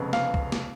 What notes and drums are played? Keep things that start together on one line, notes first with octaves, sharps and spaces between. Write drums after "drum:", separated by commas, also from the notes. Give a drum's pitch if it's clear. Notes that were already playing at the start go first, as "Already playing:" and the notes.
Already playing: F1 F2 C#3 G#3 B3
F5, drum: snare
drum: kick C2
drum: snare